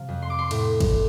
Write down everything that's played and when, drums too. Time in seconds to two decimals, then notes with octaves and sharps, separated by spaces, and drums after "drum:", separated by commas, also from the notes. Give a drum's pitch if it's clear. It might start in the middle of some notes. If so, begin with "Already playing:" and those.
Already playing: C3 F3 F5
0.09 F2
0.22 C6
0.30 D6
0.39 C6
0.51 A2, drum: cymbal
0.80 drum: kick, cymbal